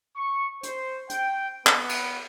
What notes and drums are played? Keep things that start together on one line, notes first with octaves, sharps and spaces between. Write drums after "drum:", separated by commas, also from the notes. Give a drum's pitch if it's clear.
C#6
C5, drum: hi-hat
G5, drum: hi-hat
B3, drum: clap
drum: cymbal